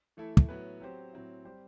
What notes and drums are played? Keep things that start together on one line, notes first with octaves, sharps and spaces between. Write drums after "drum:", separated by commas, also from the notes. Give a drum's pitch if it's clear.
E3 A3 E4 A4
drum: kick
A2 F#3 B3 E4 B4
F#3 C4 G4 C5
A2 F#3 C4 E4
G3 C4 G4 C5